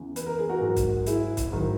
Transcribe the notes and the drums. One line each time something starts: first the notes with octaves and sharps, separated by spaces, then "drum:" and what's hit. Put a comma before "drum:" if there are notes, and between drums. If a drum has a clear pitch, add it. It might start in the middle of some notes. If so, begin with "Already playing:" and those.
Already playing: E2 C#3 E3
B4, drum: hi-hat
A#4
G#4
F#4 A#4
G#2 F#3
drum: kick, hi-hat
E4 G#4, drum: hi-hat
drum: kick, hi-hat
G#2 D#3 F#3